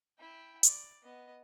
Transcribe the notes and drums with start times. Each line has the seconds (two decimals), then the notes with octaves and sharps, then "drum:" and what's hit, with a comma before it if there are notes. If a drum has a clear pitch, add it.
0.19 E4 G5
0.63 D5, drum: hi-hat
1.03 B3 D#5